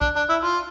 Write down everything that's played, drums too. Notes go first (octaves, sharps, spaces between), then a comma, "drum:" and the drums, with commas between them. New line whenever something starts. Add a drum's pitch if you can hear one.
D4, drum: kick A#1
D4
E4
F4